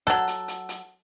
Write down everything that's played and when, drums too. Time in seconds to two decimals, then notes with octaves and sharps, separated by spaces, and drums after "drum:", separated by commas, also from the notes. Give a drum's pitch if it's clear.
0.07 F#3 A4, drum: rim click
0.27 drum: hi-hat
0.48 drum: hi-hat
0.69 drum: hi-hat